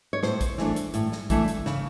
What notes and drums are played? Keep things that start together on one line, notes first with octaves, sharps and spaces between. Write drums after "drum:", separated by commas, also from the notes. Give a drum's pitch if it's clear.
C#5
A2 C5, drum: snare
drum: kick, hi-hat
E3 A3 D4, drum: snare
drum: hi-hat
A2, drum: hi-hat
drum: snare
E3 A3 D4, drum: kick, hi-hat
drum: hi-hat
C#3, drum: snare